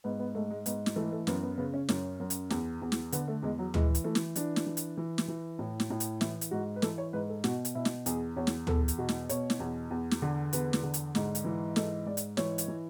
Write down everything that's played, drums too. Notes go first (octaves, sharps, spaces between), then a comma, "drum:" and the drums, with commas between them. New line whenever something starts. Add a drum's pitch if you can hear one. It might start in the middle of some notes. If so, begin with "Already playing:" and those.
G#2 B3
B3
G#2 A3
G#3
G#2 B3, drum: hi-hat
drum: snare
E3 A3
A3
F#2 B3, drum: snare
B3
C#3 B3
C#4
F#2 C#4, drum: snare
F#2
drum: hi-hat
E2, drum: snare
E2
drum: snare
D3 B3, drum: hi-hat
A3
E2 G#3
F#3
E3 G#3, drum: tom D2
drum: hi-hat
E3 A3
drum: snare
E3 D4, drum: hi-hat
drum: snare
E3
drum: hi-hat
E3
drum: snare
E3
A2
drum: snare
A2
drum: hi-hat
E3 E4, drum: snare
drum: hi-hat
G#2 F#4
B4
E3 A4, drum: snare
C#5
G#2 B4
A4
B2 F#4, drum: snare
drum: hi-hat
B2 E4
drum: snare
E2 G#4, drum: hi-hat
E2 C#5
drum: snare
E2 A4, drum: tom D2
drum: hi-hat
B2 F#4
drum: snare
B2 C#5, drum: hi-hat
drum: snare
E2
E2
drum: snare
D3
E2 B4, drum: hi-hat
drum: snare
D3
drum: hi-hat
G#2, drum: snare
drum: hi-hat
E3
G#2 A4, drum: snare
G#2 D5
drum: hi-hat
E3 C#5, drum: snare
drum: hi-hat
E3